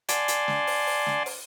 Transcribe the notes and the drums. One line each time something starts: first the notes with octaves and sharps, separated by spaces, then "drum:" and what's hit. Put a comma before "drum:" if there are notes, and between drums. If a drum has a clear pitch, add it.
D5 F#5 G#5 A5 C6 D6, drum: hi-hat
drum: hi-hat
drum: snare
drum: open hi-hat
drum: open hi-hat
drum: snare
drum: open hi-hat